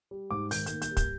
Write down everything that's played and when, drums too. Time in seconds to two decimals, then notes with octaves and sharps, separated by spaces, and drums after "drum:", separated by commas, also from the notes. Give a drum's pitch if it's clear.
0.11 G3
0.31 G#2 D6
0.51 D#3 G6, drum: open hi-hat
0.66 A#3 G6, drum: hi-hat
0.82 G6, drum: hi-hat
0.91 G3
0.97 G6, drum: kick, hi-hat